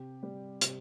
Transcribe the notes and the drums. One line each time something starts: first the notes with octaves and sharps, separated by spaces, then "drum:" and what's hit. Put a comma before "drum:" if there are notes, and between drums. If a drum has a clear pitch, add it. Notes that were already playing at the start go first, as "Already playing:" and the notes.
Already playing: C3 G4
G3
C3, drum: hi-hat